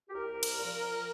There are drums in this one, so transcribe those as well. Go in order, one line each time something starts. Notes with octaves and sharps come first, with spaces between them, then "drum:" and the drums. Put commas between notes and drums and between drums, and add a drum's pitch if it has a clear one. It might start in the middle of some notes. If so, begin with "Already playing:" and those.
G4
C2 A#4
drum: cymbal
A#2 F3